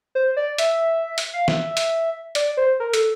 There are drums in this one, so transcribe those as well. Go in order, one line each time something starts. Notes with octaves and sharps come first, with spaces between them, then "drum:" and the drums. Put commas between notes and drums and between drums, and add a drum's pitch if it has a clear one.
C5
D5
E5, drum: hi-hat
drum: hi-hat
F5
E5, drum: snare
drum: hi-hat
D5, drum: hi-hat
C5
A#4
A4, drum: hi-hat